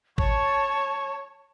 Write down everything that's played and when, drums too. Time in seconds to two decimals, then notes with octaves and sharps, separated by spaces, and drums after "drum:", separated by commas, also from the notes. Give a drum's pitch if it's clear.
0.18 C#5 A5 C#6, drum: kick G#1